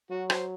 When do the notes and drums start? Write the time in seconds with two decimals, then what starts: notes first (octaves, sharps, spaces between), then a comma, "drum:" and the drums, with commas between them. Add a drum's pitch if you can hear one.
0.11 F#3 F#4
0.30 C5, drum: rim click